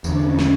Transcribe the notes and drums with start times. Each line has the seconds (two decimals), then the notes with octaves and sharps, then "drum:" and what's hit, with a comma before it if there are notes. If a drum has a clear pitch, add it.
0.04 E2 D3, drum: tambourine
0.15 D4
0.27 C#4
0.39 C#4, drum: snare